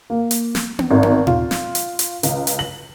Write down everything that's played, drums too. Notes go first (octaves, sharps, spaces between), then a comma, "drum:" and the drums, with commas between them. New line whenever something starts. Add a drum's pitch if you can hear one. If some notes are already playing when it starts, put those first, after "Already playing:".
A#3
drum: hi-hat
drum: snare
drum: tom B3
G#1
drum: tom B3
F4, drum: tom A#2
drum: snare
drum: hi-hat
drum: hi-hat
C#2, drum: hi-hat
drum: hi-hat
F#7